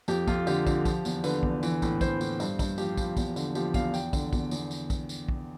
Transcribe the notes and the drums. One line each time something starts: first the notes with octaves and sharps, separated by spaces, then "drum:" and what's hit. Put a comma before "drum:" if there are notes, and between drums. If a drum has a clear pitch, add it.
F2 G4, drum: tambourine
F2 F4, drum: kick, tambourine
D3 G4, drum: tambourine
D3, drum: kick, tambourine
F3, drum: kick, tambourine
E2, drum: tambourine
D3 B4, drum: tambourine
E2, drum: kick
E3, drum: tambourine
A2, drum: kick, tambourine
E3 C5, drum: kick, tambourine
A2, drum: tambourine
G2, drum: tambourine
G2, drum: kick, tambourine
F3 G4, drum: tambourine
F3, drum: kick, tambourine
E2, drum: kick, tambourine
D3, drum: tambourine
F3 G4, drum: tambourine
E2 F5, drum: kick, tambourine
E2 G5, drum: tambourine
D3, drum: kick, tambourine
E2, drum: kick, tambourine
E2, drum: tambourine
drum: tambourine
drum: kick, tambourine
drum: tambourine
drum: kick